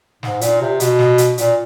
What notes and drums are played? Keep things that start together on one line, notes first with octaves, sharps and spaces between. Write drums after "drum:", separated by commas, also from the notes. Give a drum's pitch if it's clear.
G#2, drum: snare
A#2, drum: hi-hat
C3
B2, drum: hi-hat
drum: snare
drum: hi-hat
A#2, drum: hi-hat